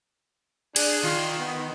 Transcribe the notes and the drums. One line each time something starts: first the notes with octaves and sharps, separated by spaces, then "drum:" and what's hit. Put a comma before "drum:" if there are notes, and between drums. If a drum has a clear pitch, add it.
D4 G#4, drum: cymbal
D#3 F4
B3